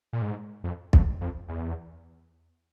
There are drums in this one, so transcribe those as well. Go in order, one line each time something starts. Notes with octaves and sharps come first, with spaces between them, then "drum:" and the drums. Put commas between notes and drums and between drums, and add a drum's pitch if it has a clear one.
A#2
G#2
F2
F2, drum: kick
F2
E2